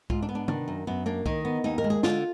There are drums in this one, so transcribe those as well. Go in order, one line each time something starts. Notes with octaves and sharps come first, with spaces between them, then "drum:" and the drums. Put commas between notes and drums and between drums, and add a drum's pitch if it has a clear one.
G#2 F4, drum: kick C2
D4
B3
D4
D#3 D4, drum: tom C3
F#2
F#2 B3
A#3 D4
D#3 D#4, drum: kick C2
B3
D#2 D#4
A#4
G#3
G#4
D3 F4, drum: snare